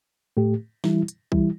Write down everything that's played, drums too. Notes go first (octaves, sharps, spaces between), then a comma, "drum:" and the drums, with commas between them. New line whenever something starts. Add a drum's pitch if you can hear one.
A2 A3 G4
E3 G3 E4, drum: snare
drum: hi-hat
E3 G3 E4, drum: kick C2